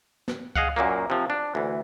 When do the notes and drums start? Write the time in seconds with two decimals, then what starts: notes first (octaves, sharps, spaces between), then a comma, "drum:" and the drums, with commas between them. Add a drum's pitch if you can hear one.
0.28 drum: snare
0.56 G#4 D#5 F5 F#5, drum: kick C#2
0.76 F#2 A#2 F#3 A#3
1.10 C3 F3
1.30 D4
1.55 D2 E3